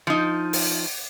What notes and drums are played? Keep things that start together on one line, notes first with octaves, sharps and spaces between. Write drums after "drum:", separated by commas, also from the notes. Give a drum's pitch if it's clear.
F3 D#4
drum: open hi-hat